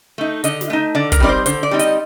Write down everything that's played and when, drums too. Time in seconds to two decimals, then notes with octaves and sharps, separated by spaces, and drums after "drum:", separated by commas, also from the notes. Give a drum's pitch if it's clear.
0.18 A3 D#4
0.44 D3 D#5, drum: hi-hat
0.61 drum: snare
0.70 A3 D#4
0.95 D3 D5
1.12 A#4, drum: kick, hi-hat
1.20 G3 C4 D#4 D5
1.29 C5
1.46 D3 C5, drum: hi-hat
1.63 D5
1.71 G3 C4 D#4
1.79 D#5, drum: hi-hat